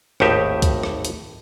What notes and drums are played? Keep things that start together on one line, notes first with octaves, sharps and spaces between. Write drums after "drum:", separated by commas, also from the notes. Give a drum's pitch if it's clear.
G#1 D#2 A2 D#4 G4 E5, drum: rim click
drum: kick C2, hi-hat
drum: rim click
drum: hi-hat